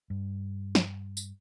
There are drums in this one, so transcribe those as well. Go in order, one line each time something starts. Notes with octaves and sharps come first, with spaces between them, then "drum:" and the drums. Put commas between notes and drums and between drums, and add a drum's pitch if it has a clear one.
G2
drum: snare
drum: tambourine